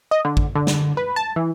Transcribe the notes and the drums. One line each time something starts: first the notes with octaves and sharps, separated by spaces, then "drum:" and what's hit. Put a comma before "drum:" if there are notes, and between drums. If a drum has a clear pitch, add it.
D#5
D3
drum: kick
D3
drum: snare
B4
A5
E3